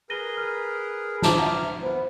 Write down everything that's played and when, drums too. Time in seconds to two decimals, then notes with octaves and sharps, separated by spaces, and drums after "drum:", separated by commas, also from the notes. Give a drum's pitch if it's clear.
0.10 G#4 A#4 B4 A#6 D#7 G7
0.37 F6
1.22 A5 A#5 D6 F6, drum: snare
1.39 E5 F#5
1.83 B3 C5